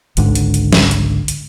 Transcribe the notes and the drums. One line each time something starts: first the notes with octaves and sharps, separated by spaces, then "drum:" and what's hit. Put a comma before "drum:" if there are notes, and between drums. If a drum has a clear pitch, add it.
G#1 C#2 G#2 D3, drum: hi-hat
drum: hi-hat
drum: hi-hat
drum: snare
drum: hi-hat
drum: hi-hat